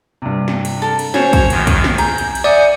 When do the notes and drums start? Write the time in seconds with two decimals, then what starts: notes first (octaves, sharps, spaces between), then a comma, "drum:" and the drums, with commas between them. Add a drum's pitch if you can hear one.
0.22 G2 C3
0.48 drum: snare
0.65 drum: cymbal
0.82 A4 A#4
0.99 drum: cymbal
1.14 C#4 F#4 C5 C#5 G#5 C#6, drum: snare
1.33 drum: kick, cymbal
1.50 F#2 D#3, drum: cymbal
1.67 drum: kick, cymbal
1.84 drum: snare
1.98 G#4 A#5 G6, drum: cymbal
2.18 drum: cymbal
2.35 drum: cymbal
2.44 D5 E5 F#5 G#5 D#6 G6